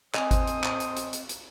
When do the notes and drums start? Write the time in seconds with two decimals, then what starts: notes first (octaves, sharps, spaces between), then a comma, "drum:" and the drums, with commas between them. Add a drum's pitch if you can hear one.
0.14 C4 A4 C5 D#5 G#5 D#6, drum: clap
0.31 drum: kick G#1, hi-hat
0.47 drum: hi-hat
0.64 drum: clap
0.80 drum: hi-hat
0.96 drum: hi-hat
1.13 drum: hi-hat
1.29 drum: hi-hat